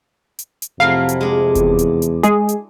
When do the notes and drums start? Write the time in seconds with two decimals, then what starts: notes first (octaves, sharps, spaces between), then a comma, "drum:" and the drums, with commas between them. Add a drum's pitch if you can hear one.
0.39 drum: hi-hat
0.62 drum: hi-hat
0.80 F2 C3 F#3 A3 E4 F5
1.09 drum: hi-hat
1.21 G#3 D4
1.55 E2, drum: kick F#1, hi-hat
1.79 drum: hi-hat
2.02 drum: hi-hat
2.23 G#3 G#4, drum: hi-hat
2.49 drum: hi-hat